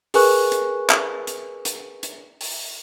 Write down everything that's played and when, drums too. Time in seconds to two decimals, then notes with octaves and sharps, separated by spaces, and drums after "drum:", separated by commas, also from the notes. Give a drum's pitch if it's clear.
0.14 G#4 A#4 B4 G#5 C#6 F#6, drum: open hi-hat
0.52 drum: hi-hat
0.90 drum: clap
1.27 drum: hi-hat
1.65 drum: hi-hat
2.03 drum: hi-hat
2.41 drum: open hi-hat